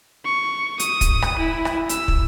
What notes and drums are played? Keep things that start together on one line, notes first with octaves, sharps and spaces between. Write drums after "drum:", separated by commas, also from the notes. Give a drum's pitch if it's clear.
C#6
D#6, drum: hi-hat
drum: kick, hi-hat
drum: rim click
E4
drum: rim click
E6, drum: hi-hat
drum: kick